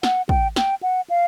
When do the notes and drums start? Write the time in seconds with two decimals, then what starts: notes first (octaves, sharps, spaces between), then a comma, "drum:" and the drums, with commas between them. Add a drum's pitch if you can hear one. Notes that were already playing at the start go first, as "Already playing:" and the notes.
0.03 F#5, drum: snare
0.29 G5, drum: kick
0.56 G5, drum: snare
0.83 F#5
1.10 F5